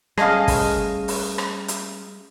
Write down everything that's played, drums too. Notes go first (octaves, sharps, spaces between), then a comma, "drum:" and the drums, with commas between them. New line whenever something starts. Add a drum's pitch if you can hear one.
G3 A3 C#4 G#4 D#5 F5, drum: rim click
drum: kick, open hi-hat
drum: open hi-hat
drum: rim click
drum: hi-hat